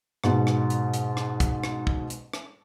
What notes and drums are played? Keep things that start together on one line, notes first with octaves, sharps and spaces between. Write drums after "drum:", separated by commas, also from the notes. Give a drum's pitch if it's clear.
G#2 B2, drum: rim click
drum: rim click
drum: hi-hat
drum: hi-hat
drum: rim click
drum: kick, hi-hat
drum: rim click
drum: kick
drum: hi-hat
drum: rim click